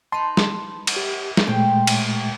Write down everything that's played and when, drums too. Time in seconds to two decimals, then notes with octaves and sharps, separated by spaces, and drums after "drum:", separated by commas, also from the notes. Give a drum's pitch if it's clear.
0.12 D#4 B4 A5 C6
0.37 drum: snare
0.87 drum: cymbal
0.96 G4
1.37 drum: snare
1.47 A#2 G#3 A3 G4 C5 G5
1.87 drum: cymbal